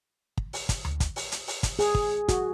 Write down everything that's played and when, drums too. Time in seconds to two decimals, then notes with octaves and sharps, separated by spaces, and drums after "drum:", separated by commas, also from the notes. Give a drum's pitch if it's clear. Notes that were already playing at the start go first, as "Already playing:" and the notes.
0.37 drum: kick
0.53 drum: open hi-hat
0.69 drum: kick, hi-hat
0.85 drum: tom D2
1.00 drum: kick, hi-hat
1.16 drum: open hi-hat
1.32 drum: hi-hat
1.47 drum: open hi-hat
1.63 drum: kick, hi-hat
1.79 G#4, drum: open hi-hat
1.95 drum: kick
2.28 F#4, drum: kick, hi-hat